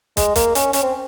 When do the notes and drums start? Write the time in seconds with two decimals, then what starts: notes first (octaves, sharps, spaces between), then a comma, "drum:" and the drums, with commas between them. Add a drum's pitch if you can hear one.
0.17 G#3, drum: kick, hi-hat
0.36 A#3, drum: kick, hi-hat
0.55 C#4, drum: hi-hat
0.73 C#4, drum: hi-hat
0.83 C4